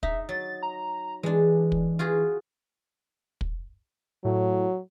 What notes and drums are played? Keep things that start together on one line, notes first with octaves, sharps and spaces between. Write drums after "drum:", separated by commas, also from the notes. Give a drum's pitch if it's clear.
D#4 E5, drum: kick
F#3 A6
A#5
E3 G#3 D4
drum: kick
F4 F#4 G#4
drum: kick
A2 F#3